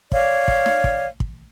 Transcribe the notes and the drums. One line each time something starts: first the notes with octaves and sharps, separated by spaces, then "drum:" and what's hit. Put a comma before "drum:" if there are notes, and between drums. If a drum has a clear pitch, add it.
C#5 D5 F5, drum: kick
drum: kick
drum: snare
drum: kick
drum: kick